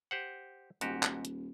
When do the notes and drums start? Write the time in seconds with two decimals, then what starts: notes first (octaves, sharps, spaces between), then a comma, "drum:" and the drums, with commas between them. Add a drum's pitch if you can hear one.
0.11 G4 C5 F#5
0.81 D#1 G#2 F#4 G4, drum: hi-hat
1.03 drum: clap
1.25 drum: hi-hat